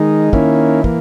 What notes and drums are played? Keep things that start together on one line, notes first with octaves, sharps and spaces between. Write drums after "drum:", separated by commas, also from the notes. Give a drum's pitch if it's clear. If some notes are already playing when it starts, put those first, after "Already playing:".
Already playing: D#3 G#3 D#4
D#3 A#3 C#4 E4, drum: kick
E3 A#3, drum: kick